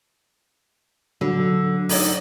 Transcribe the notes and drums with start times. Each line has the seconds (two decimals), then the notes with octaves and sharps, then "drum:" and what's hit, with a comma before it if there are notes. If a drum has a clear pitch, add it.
1.21 D3 F#3
1.89 D#4 D5, drum: open hi-hat